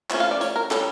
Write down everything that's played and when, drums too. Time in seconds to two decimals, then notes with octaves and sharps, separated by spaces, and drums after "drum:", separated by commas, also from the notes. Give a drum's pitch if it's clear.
0.10 F3 A3 C#4, drum: clap
0.20 F5
0.31 D5
0.41 C#5, drum: hi-hat
0.56 A#4
0.71 G3 C#4 A4, drum: clap